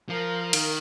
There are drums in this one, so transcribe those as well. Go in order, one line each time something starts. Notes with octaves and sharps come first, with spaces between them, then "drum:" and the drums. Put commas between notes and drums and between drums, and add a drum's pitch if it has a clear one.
F3 A#4 F5 A#5
D#3, drum: cymbal